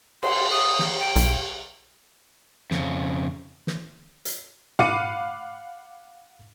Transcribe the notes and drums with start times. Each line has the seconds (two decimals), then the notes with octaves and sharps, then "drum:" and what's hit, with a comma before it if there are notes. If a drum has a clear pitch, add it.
0.23 C6, drum: cymbal
0.51 D#6
0.79 drum: snare
1.00 G5
1.16 B1, drum: hi-hat
2.71 F2 C#3, drum: snare
3.67 drum: snare
4.25 drum: hi-hat
4.79 F5 F#5 B5 D6 C#7 D#7, drum: tom